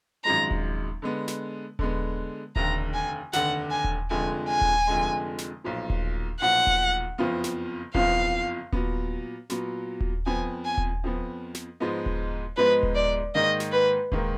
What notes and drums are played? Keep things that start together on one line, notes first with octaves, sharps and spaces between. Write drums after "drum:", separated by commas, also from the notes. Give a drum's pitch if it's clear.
G#1 F#2 F3 G#3 A#5
drum: kick D#1
D3 G#3 B3
drum: snare
D3 G#3 B3, drum: kick D#1
F1 D#2 D3 A#5, drum: kick D#1
G#5
F1 D#2 D3 F#5, drum: snare
G#5
drum: kick D#1
F1 F2 D3 G#3 G#5
G#5
drum: kick D#1
F1 F2 D3 G#3
drum: snare
B1 A#2 F3
drum: kick D#1
B1 A#2 F3 F#5
drum: kick D#1
F#1 F2 F3 B3 F4
drum: snare
F#1 F2 F3 B3 F4 F5, drum: kick D#1
A#2 F#3 B3, drum: kick D#1
A#2 F#3 B3, drum: snare
drum: kick D#1
F2 F3 B3 G#5
G#5
drum: kick D#1
F2 F3 B3
drum: snare
G#2 F3 G#3 B3 D#4
drum: kick D#1
G#2 F3 G#3 B3 D#4 B4
drum: kick D#1
D5
G#2 D#3 A#3 D#5
drum: snare
B4
G#2 D#3 A#3, drum: kick D#1